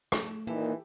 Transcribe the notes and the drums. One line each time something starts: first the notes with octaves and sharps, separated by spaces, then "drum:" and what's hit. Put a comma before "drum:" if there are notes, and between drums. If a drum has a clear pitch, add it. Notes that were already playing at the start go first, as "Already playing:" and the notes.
A3, drum: rim click
A#2 D#3 E3 A#3 G4 A4